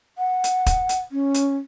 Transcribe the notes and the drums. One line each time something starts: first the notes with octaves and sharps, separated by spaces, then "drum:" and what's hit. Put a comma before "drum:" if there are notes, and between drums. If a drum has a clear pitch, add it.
F#5
drum: hi-hat
drum: kick, hi-hat
drum: hi-hat
C#4
drum: hi-hat